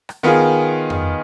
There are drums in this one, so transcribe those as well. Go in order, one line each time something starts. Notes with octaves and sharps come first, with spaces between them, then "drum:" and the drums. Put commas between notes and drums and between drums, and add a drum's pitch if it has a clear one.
drum: rim click
D#3 B3 F4 G#4
drum: tom F2